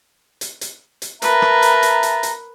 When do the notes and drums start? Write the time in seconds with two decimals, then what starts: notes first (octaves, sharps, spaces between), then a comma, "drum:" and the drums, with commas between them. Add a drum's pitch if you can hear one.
0.41 drum: hi-hat
0.61 drum: hi-hat
1.02 drum: hi-hat
1.22 A#4 B4 E5 A5 A#5, drum: hi-hat
1.42 drum: rim click
1.62 drum: hi-hat
1.83 drum: hi-hat
2.03 drum: hi-hat
2.23 drum: hi-hat